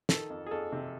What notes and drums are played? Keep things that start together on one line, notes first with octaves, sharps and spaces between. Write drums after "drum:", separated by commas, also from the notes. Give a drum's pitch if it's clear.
D#3 A4, drum: snare
F2
G#4
F2 A4
C3